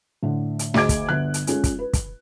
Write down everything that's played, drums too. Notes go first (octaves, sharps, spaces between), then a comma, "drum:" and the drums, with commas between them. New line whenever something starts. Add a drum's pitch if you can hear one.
A2 D3
drum: hi-hat
D2 G#4 D#5 D6 G#6 D7, drum: snare
drum: kick, hi-hat
G1 D3 F#6
drum: hi-hat
G#3 C#4 F4, drum: hi-hat
drum: kick, hi-hat
B4
drum: kick, hi-hat